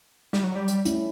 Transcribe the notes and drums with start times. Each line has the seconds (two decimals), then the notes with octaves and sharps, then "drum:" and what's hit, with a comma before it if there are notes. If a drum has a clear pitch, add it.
0.33 G3, drum: snare
0.44 F#3
0.55 G3
0.68 drum: hi-hat
0.85 A3 C#4 E4, drum: hi-hat